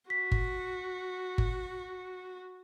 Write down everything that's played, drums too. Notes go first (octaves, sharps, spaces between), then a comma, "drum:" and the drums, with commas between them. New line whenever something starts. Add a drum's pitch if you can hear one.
F#4 B6
drum: kick G1
drum: kick G1